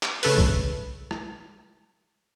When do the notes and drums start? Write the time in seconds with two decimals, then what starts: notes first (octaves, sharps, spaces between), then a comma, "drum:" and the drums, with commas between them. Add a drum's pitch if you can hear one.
0.03 drum: clap
0.23 C#3 A3 B4, drum: open hi-hat
0.38 drum: kick
1.11 drum: rim click